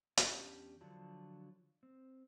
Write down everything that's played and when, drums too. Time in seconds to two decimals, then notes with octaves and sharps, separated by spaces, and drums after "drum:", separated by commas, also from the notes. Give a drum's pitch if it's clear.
0.17 E2 C#4 D4 G4, drum: hi-hat
0.81 D3 F3 F#3 D4 F4
1.83 C4